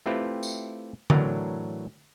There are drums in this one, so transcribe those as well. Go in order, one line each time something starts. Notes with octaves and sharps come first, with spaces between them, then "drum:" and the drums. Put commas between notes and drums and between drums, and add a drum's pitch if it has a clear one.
A3 C4 E4 F4 G4 B4
drum: tambourine
A2 E3 F#3 D4 A#4 A#5, drum: tom D3